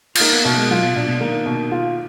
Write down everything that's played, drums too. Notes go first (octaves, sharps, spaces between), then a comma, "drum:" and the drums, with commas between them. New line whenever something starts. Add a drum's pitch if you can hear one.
F4, drum: cymbal
A#3 D#4
B3
B2 A#3
G#3
F#3 F4
B2
A#2 D4
B2
D#3 A#3
B2
F4